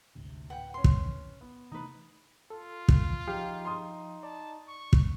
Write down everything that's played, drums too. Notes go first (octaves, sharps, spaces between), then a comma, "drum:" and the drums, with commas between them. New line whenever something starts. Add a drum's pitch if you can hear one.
G#1 D2 C3
D1 B4 F#5 G5
C#4 B4 C6
drum: kick
B3
C3 E3 A3 D#4 B4
F4 A4
drum: kick
F3 D#4 G4 F5 G5
C6 D#6
D5 A5
C#6
drum: kick